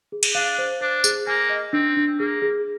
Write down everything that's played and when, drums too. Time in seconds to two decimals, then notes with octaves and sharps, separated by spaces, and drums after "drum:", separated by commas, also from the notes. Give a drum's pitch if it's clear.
0.12 G#4
0.23 drum: cymbal
0.35 D4 F5
0.58 C5
0.81 D4 C5
1.04 G#4, drum: tambourine
1.27 A#3 G#5
1.49 D#5
1.73 C4 D4
1.97 D4
2.19 A#3 G#4
2.42 G#4